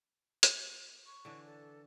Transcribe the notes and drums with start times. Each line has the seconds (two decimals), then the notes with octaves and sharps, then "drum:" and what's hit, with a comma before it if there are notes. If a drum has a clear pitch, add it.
0.43 drum: hi-hat
1.06 C#6
1.25 D3 E3 D4
1.46 A4